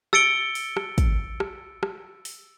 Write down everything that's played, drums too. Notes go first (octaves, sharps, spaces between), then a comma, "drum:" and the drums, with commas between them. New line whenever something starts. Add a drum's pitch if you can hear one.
E6 A6 C#7 D7 G7, drum: rim click
drum: open hi-hat
drum: rim click
drum: kick, hi-hat
drum: rim click
drum: rim click
drum: open hi-hat